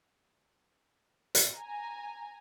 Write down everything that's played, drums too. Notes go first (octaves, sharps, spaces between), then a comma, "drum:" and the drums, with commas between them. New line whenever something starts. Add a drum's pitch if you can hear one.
drum: hi-hat
G#5 A#5